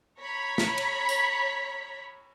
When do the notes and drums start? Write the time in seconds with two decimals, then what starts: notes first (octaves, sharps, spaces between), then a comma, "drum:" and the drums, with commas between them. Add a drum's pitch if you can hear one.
0.20 C#5 A#5 B5 B6
0.58 drum: snare
0.78 drum: cymbal
1.09 drum: tambourine